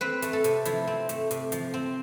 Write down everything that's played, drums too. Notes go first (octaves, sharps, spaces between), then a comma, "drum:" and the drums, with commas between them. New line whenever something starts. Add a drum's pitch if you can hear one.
C4 B4
A3, drum: hi-hat
A4
C3, drum: hi-hat
F3 E4, drum: hi-hat
C4
A3, drum: hi-hat
C3, drum: hi-hat
F3, drum: hi-hat
C4